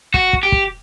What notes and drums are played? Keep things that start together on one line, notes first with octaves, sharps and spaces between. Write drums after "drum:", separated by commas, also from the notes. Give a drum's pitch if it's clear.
F#4, drum: kick
drum: kick
G4
drum: kick